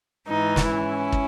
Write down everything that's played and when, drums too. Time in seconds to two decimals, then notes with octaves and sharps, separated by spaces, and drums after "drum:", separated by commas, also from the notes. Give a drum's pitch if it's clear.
0.27 G#2 E3 D#4
0.56 drum: snare
0.70 C#4 E4
1.12 drum: kick